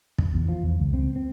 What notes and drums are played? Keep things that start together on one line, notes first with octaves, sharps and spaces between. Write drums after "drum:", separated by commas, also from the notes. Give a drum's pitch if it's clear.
drum: kick
E2
F3
E2
C#2
C4
C4